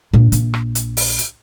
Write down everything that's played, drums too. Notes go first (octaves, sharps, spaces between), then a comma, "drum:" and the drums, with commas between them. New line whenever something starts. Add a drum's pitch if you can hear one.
A#2 D4
A#1, drum: hi-hat
drum: rim click
drum: hi-hat
drum: open hi-hat
drum: hi-hat